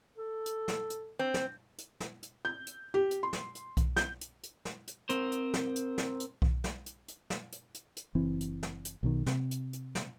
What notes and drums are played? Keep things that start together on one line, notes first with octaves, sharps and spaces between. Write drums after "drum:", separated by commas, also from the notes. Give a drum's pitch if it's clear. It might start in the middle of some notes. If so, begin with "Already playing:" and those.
A4
drum: hi-hat
drum: snare
drum: hi-hat
C4
drum: snare
drum: hi-hat
drum: snare
drum: hi-hat
G6
drum: hi-hat
G4
drum: hi-hat
C6
drum: snare
drum: hi-hat
drum: kick B1, hi-hat
G6, drum: snare
drum: hi-hat
drum: hi-hat
drum: snare
drum: hi-hat
C4 A#4 C5, drum: hi-hat
drum: hi-hat
drum: snare
drum: hi-hat
drum: snare
drum: hi-hat
drum: kick B1
drum: snare
drum: hi-hat
drum: hi-hat
drum: snare
drum: hi-hat
drum: hi-hat
drum: hi-hat
F#1 E3 C4
drum: hi-hat
drum: snare
drum: hi-hat
B1 B2 D#3
C3, drum: snare
drum: hi-hat
drum: hi-hat
drum: snare